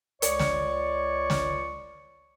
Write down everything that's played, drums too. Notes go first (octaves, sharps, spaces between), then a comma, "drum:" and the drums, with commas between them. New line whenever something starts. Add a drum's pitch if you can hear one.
C#2 C#5 D5 C#6, drum: hi-hat
drum: snare
drum: snare